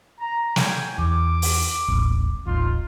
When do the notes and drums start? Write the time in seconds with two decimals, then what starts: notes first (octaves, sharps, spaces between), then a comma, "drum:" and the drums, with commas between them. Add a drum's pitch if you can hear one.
0.19 A#5
0.56 C#5 G5 G#5, drum: snare
0.98 E2 D6
1.42 drum: open hi-hat
1.88 D#1 A1
2.46 D#1 A1 D#4 F4